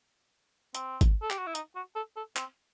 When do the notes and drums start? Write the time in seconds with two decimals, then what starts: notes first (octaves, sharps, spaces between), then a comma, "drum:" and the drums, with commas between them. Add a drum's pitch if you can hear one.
0.75 C4, drum: hi-hat
1.01 drum: kick G#1, hi-hat
1.22 A4
1.31 G4, drum: clap
1.38 F#4
1.47 E4
1.55 D#4, drum: hi-hat
1.76 F#4
1.95 A4
2.17 A4
2.36 C4, drum: clap